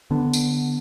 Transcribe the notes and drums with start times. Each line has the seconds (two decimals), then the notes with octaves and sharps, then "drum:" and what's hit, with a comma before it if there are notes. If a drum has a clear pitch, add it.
0.11 D3 B3 D4
0.33 drum: tambourine